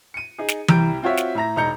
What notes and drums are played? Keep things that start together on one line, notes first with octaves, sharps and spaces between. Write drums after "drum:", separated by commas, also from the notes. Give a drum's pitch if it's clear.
C#7 D#7
D#4 G#4
drum: snare
C2 G3 E4 A#5 G6 D7, drum: tom E3
C4 F4 F#4 C#5 E5
drum: snare
A2 E5 A#5 A#6
E1 D#4 A#5 G6 C#7